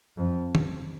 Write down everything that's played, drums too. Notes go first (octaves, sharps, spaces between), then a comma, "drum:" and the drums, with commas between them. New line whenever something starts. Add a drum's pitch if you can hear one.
F2
drum: tom